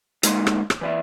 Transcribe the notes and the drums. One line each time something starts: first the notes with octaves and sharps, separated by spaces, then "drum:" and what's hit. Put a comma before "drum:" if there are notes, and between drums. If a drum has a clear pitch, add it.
D2 G#3 A#3 D#4 B5 C6, drum: hi-hat
drum: rim click
drum: rim click
E3 D5 E5